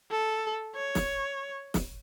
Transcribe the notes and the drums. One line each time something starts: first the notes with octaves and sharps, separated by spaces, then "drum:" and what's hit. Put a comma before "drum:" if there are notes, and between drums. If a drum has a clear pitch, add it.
A4
C#5
drum: snare
drum: snare